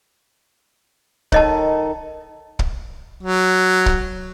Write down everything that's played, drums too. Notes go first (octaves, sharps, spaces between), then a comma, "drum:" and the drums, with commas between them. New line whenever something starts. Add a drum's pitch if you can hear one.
D#3 A4 C#5 D#5 A5, drum: kick
drum: kick
F#3
drum: kick